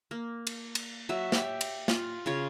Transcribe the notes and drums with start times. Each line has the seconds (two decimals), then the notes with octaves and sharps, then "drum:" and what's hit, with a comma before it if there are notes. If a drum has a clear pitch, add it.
0.11 A#3
0.47 drum: cymbal
0.75 drum: cymbal
1.09 F#3 E5
1.32 G4 E5, drum: snare
1.61 drum: cymbal
1.88 F4, drum: snare
2.26 C#3 F4 C#5